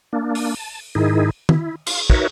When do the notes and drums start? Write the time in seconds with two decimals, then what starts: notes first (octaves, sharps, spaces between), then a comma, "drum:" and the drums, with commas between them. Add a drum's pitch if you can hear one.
0.13 A#3 D4
0.35 drum: open hi-hat
0.57 A5
0.95 G#2 D#3 D#4 E4 G#4
1.49 E4, drum: tom
1.87 F5 C6, drum: cymbal
2.10 D#4 F#4 A#4 B4 C#5 E5, drum: kick